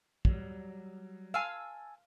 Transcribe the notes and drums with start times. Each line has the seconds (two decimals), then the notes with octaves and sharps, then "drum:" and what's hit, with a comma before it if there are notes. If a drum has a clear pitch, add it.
0.25 F#3 G3, drum: kick
1.34 F5 G#5 A5 E6